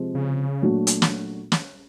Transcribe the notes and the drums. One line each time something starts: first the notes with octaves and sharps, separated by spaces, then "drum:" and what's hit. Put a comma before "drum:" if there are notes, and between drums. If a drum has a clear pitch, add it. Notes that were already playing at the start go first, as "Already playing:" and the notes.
Already playing: C3 F3 G#3
C#3
A#2 F#3 A3 D4 F#4
drum: hi-hat
drum: snare
drum: snare